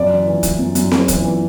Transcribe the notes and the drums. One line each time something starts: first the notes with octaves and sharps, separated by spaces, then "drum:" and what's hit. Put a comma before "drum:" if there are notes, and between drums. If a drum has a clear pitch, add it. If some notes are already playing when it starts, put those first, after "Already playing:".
Already playing: F#2 D5
E3
E3
E3, drum: kick, hi-hat
F#2
F#2, drum: hi-hat
F#2, drum: snare C4
E3, drum: kick, hi-hat
E3